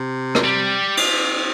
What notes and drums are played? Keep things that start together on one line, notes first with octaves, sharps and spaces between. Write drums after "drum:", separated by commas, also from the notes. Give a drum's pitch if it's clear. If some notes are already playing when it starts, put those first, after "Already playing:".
Already playing: C3
drum: rim click
G3
drum: cymbal